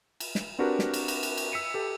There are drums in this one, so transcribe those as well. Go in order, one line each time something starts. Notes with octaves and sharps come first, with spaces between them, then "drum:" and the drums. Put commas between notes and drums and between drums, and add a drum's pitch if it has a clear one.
drum: cymbal
drum: snare
C4 D4 F#4 G4 A#4 B4
drum: snare
drum: cymbal
drum: cymbal
drum: cymbal
drum: cymbal
E6 B6 C#7 D#7
G4 A4